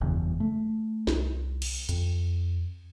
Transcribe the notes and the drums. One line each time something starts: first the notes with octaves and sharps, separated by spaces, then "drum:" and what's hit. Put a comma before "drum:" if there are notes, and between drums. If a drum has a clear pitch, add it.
F#1 E2 G2 C#3
A3
C2, drum: snare
drum: cymbal
F2, drum: hi-hat